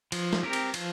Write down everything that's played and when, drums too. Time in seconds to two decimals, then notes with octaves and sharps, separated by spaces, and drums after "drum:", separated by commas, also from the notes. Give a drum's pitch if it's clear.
0.12 F3, drum: cymbal
0.33 drum: snare
0.43 C4 G4 A#4
0.53 drum: cymbal
0.74 F3, drum: cymbal